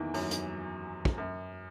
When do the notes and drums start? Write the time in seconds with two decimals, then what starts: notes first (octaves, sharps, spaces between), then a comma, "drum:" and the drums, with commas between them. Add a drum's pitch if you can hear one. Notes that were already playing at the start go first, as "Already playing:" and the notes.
Already playing: E2 D#3 E3
0.14 F#2 F#3, drum: open hi-hat
0.31 drum: hi-hat
1.05 drum: kick
1.18 F#2